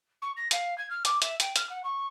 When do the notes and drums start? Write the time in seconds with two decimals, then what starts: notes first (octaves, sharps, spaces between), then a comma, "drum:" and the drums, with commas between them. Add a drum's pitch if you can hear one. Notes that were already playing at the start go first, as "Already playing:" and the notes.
0.21 C#6
0.36 A#6
0.51 F5, drum: hi-hat
0.77 G#6
0.90 F6
1.05 D6, drum: hi-hat
1.22 E5, drum: hi-hat
1.40 G5, drum: hi-hat
1.56 F6, drum: hi-hat
1.69 F#5
1.83 C#6